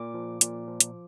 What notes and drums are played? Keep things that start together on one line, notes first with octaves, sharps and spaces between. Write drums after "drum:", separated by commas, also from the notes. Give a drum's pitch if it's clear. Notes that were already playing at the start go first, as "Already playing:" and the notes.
Already playing: A#2 D6
F3
A#2, drum: hi-hat
F3
drum: hi-hat